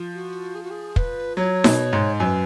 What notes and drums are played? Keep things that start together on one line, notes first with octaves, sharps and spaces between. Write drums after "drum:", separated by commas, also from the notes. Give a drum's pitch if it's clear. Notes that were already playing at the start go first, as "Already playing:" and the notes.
Already playing: F3
F#4
G#4
F#4
G#4
B4, drum: kick
F#3 C#5
B2, drum: snare D#4
G#2
F#2 B4 C#5